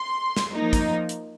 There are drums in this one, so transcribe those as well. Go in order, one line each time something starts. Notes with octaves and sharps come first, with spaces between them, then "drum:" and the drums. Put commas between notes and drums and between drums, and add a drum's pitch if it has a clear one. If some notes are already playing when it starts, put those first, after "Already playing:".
Already playing: C6
drum: snare
F3 A#3 D#4
drum: kick, hi-hat
drum: hi-hat